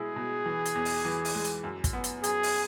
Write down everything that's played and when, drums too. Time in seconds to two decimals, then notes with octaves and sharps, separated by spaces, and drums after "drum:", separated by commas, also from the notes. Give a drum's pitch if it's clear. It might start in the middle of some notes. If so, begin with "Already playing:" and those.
Already playing: B2 G#3 E4 G#4
0.16 B2
0.46 E3
0.65 drum: hi-hat
0.75 E2
0.85 drum: open hi-hat
1.05 E3
1.25 drum: open hi-hat
1.34 G#3
1.44 drum: hi-hat
1.64 F#2
1.84 drum: kick, hi-hat
1.93 B3
2.04 drum: hi-hat
2.24 F#2 G#4, drum: hi-hat
2.43 drum: open hi-hat